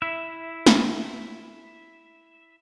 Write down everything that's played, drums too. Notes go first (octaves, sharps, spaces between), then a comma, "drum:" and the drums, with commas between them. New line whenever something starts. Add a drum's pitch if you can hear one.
E4 E5
drum: snare